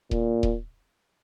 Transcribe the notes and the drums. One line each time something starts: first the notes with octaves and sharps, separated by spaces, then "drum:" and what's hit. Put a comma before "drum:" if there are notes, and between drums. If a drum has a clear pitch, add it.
A#2, drum: kick D#1
drum: kick D#1